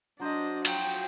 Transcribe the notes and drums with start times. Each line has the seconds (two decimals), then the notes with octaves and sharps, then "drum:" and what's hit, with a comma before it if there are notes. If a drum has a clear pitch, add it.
0.20 F#3 D4 C5 D#5
0.65 F3 F#3 F#4 G5, drum: cymbal